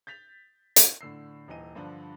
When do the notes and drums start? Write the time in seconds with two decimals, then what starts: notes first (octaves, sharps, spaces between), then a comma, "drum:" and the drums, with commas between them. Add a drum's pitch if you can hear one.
0.07 G6 A6 B6 F7
0.76 drum: hi-hat
1.01 A2 D3 E6 C7
1.48 D#1 E3 D#5 D#7
1.75 G2 D3 F3 D4